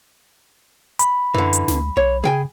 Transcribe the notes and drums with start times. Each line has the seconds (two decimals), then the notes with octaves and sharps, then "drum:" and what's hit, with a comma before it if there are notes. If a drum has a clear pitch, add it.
0.99 B5, drum: hi-hat
1.34 F#2 D3 E3
1.53 drum: hi-hat
1.68 D2, drum: snare
1.97 B1 C#5
2.24 C#3 G#4 G5 G#5